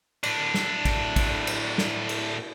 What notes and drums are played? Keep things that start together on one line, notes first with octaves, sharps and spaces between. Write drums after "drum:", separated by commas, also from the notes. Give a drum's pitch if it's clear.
A2 D4, drum: cymbal
drum: snare
drum: kick, cymbal
drum: kick, cymbal
drum: cymbal
drum: snare
drum: cymbal